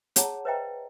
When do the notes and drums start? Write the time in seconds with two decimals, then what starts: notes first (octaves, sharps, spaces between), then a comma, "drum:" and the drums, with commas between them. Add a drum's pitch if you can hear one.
0.16 G#4 C#5 F#5 A5 A#5, drum: hi-hat
0.45 B4 C5 D#5 E5 G5 A#5